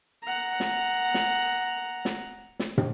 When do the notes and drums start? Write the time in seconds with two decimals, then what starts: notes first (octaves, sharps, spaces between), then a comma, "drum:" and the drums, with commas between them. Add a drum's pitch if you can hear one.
0.24 F#5 A#5
0.60 drum: snare
1.14 drum: snare
2.05 drum: snare
2.59 drum: snare
2.78 drum: tom